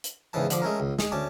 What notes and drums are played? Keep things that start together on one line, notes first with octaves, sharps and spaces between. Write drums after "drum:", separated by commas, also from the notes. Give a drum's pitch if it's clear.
drum: hi-hat
E2 G#2 C#3 E3 A5
D3 F3 D6, drum: hi-hat
G#3 A3 C#4 A#4
C#2
G#3, drum: snare
D2 C#4 A5 D6